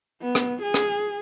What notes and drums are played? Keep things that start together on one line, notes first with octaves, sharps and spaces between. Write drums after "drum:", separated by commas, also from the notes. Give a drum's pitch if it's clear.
B3
drum: rim click
G#4
drum: rim click